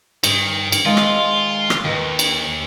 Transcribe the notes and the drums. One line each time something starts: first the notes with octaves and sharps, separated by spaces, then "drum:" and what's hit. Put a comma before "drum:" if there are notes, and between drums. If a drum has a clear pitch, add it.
G2 D#3, drum: cymbal
drum: cymbal
D#3 G#3 F4 F5
drum: rim click
drum: rim click
D#2 D#3 B4
drum: cymbal